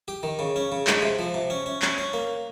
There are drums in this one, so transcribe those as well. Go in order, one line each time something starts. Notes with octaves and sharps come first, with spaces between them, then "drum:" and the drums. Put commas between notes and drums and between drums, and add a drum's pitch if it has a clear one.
G4
D#3
C#3
C#4
C#3
G#3, drum: clap
C3
F3
C3
C#4
C#4
C#4, drum: clap
C#4
A#3